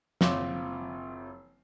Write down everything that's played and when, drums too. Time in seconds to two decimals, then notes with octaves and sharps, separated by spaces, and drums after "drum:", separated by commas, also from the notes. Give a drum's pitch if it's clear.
0.21 F#1 C4 F4 C#5 D6, drum: snare